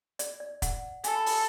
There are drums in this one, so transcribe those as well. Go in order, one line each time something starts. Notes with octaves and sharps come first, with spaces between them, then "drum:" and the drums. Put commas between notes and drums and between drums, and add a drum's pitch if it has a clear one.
D5, drum: hi-hat
D5
F#5, drum: kick, hi-hat
A4 G#5, drum: hi-hat
B5
B5, drum: open hi-hat